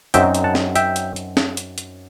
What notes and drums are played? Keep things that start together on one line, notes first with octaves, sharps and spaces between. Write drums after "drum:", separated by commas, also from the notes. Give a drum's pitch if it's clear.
F#2 F#3 C4 D#4 E5 G5, drum: hi-hat
drum: hi-hat
F#5 A5
drum: snare
E5 G5, drum: hi-hat
drum: hi-hat
drum: hi-hat
drum: snare
drum: hi-hat
drum: hi-hat